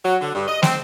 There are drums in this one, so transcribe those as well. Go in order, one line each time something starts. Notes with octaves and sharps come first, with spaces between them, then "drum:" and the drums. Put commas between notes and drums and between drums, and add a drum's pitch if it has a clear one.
F#3
D3
G2
D#5
C4, drum: snare